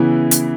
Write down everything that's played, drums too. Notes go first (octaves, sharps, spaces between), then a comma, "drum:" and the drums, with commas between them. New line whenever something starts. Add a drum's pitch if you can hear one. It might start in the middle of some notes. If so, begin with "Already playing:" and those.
Already playing: C#3 E3 B3 E4
drum: hi-hat